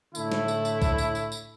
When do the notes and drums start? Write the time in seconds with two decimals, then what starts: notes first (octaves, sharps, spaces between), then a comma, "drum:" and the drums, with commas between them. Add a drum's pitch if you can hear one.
0.15 A2 D3 A3 E4, drum: tambourine
0.32 drum: snare
0.48 drum: tambourine
0.65 drum: tambourine
0.82 drum: kick B1, tambourine
0.98 drum: tambourine
1.15 drum: tambourine
1.32 drum: tambourine